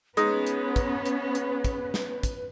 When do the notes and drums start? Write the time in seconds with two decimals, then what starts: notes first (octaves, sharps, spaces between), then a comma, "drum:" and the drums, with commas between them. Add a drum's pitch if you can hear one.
0.17 G#3 B3 C#4 D#4 B4, drum: hi-hat
0.47 drum: hi-hat
0.76 drum: kick, hi-hat
1.06 drum: hi-hat
1.35 drum: hi-hat
1.64 drum: kick, hi-hat
1.94 drum: snare
2.23 drum: kick, hi-hat